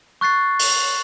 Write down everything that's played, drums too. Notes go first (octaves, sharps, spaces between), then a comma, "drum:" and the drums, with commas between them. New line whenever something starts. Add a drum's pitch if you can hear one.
C#6 F#6 A6 C7
drum: open hi-hat